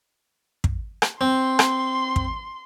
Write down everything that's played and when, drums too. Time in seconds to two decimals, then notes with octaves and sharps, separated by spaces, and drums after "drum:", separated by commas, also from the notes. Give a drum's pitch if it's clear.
0.64 drum: kick
1.02 drum: rim click
1.21 C4 C6
1.59 drum: rim click
2.16 drum: kick